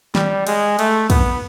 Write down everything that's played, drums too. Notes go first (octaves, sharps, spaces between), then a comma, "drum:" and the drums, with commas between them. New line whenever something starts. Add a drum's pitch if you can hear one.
G3, drum: snare
G#3, drum: cymbal
A3, drum: cymbal
B3, drum: kick, cymbal